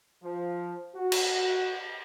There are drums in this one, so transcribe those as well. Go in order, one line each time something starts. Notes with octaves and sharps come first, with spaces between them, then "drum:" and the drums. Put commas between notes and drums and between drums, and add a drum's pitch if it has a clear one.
F3
F#4
drum: cymbal